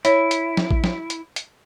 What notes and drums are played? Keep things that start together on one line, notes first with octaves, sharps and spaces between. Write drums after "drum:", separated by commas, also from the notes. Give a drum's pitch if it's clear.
E4 C#5, drum: hi-hat
drum: hi-hat
drum: snare
drum: kick A1
drum: snare
drum: hi-hat
drum: hi-hat